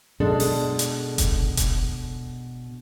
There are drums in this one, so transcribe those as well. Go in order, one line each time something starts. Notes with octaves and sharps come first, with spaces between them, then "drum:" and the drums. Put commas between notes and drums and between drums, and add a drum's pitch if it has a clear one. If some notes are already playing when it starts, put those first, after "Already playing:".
B2 G#3 D4 A4
drum: open hi-hat
drum: hi-hat
drum: kick F1, hi-hat
drum: kick F1, hi-hat